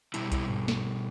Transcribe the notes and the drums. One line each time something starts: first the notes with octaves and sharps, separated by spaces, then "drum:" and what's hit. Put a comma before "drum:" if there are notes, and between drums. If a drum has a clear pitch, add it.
B2 G3 E4, drum: hi-hat
E4, drum: kick B1, hi-hat
drum: tom G2
drum: snare